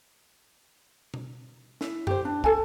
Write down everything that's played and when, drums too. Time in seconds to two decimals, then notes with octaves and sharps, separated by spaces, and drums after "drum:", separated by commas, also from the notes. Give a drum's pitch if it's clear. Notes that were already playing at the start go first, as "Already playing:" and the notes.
1.14 drum: tom B2
1.81 E4, drum: snare
2.07 G4 C5, drum: tom F#2
2.25 D4
2.44 A4 G#5 A5, drum: kick